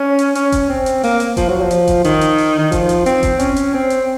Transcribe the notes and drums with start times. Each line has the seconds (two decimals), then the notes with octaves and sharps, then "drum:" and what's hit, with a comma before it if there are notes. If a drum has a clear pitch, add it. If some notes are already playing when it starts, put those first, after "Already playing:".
Already playing: C#4
0.19 drum: hi-hat
0.35 C#4, drum: hi-hat
0.52 drum: kick F#1, hi-hat
0.69 C4
0.86 drum: hi-hat
1.03 A#3, drum: open hi-hat
1.20 drum: hi-hat
1.37 F3, drum: kick F#1, hi-hat
1.49 F#3
1.61 F3
1.71 drum: hi-hat
1.88 drum: kick F#1, hi-hat
2.04 D#3, drum: hi-hat
2.21 drum: hi-hat
2.38 drum: open hi-hat
2.58 D#3
2.72 F3, drum: kick F#1, hi-hat
2.89 drum: hi-hat
3.06 C4, drum: hi-hat
3.23 drum: kick F#1, hi-hat
3.40 C#4, drum: hi-hat
3.56 drum: hi-hat
3.74 C4
3.90 drum: hi-hat